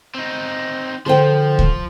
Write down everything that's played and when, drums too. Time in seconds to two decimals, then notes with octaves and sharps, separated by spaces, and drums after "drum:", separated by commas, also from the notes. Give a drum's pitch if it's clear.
0.15 C4 D#4
1.06 D3 F3 G#4 C5 G5
1.59 drum: kick C#2